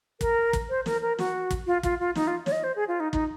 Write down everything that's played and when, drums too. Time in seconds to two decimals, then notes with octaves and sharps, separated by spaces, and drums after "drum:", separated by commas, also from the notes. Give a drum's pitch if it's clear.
0.21 A#4, drum: kick, hi-hat
0.53 drum: kick, hi-hat
0.69 C5
0.86 A#4, drum: snare
1.02 A#4
1.19 F#4, drum: snare
1.51 drum: kick, hi-hat
1.67 F4
1.83 F4, drum: kick, hi-hat
2.00 F4
2.15 D#4, drum: snare
2.27 F4
2.46 C#5, drum: snare
2.52 D#5
2.64 C5
2.76 G#4
2.88 F4
3.00 D#4
3.13 D#4, drum: kick